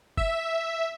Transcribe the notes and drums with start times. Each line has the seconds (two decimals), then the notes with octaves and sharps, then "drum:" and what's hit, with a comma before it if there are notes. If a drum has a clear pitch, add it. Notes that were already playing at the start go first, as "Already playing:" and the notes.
0.17 E5, drum: kick F#1